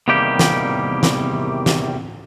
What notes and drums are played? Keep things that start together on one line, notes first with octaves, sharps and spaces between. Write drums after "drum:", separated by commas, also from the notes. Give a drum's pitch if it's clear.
E2 C3 D#3 G3 A#3 G4
drum: snare
drum: snare
drum: snare